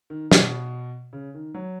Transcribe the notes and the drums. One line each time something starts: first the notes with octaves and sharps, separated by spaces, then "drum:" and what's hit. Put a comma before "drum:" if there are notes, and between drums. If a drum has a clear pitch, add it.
D#3
B2, drum: snare
C#3
D#3
F#3